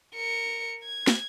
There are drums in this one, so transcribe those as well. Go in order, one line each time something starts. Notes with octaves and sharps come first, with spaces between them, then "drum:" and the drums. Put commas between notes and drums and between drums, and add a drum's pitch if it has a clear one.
A#4 C#7
G#6
drum: snare